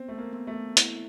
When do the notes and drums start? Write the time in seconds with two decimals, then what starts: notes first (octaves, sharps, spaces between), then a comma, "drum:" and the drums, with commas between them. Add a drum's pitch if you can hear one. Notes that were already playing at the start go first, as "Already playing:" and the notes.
Already playing: B3 C4
0.08 A3
0.18 A#3
0.33 B3
0.47 A3
0.77 E4, drum: hi-hat